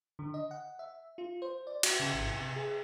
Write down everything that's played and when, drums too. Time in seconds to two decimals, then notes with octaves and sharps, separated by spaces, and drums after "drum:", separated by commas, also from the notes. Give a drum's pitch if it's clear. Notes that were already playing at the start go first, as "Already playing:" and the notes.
0.19 D3
0.34 D#5
0.51 F#5
0.79 E5
1.18 F4
1.42 C5
1.67 D5
1.83 F#4, drum: cymbal
2.00 C#3
2.13 G#1
2.33 C3
2.56 G#4